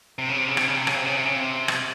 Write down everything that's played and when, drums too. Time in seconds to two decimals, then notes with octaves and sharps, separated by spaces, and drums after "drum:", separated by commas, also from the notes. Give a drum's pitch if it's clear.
0.19 C3
0.29 C#3
0.38 C3
0.48 C#3
0.57 C3, drum: rim click
0.67 C#3
0.77 C3
0.87 C#3, drum: rim click
0.96 C3
1.06 C#3
1.16 C3
1.25 C#3
1.36 C3
1.68 drum: rim click